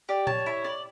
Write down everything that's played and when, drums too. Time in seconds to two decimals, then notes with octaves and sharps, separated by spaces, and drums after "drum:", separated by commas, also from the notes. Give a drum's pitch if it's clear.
0.09 G4 D5
0.27 C#5 A5, drum: tom A#2
0.46 E4
0.65 D5